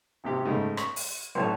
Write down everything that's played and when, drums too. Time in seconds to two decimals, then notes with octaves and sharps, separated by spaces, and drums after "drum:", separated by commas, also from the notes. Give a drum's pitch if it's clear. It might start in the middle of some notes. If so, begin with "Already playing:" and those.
0.24 G#1 C3 G4
0.45 G#2 C#3 A3
0.77 C#6, drum: rim click
0.96 drum: open hi-hat
1.35 B1 A2 C#4 C#5 D5 A5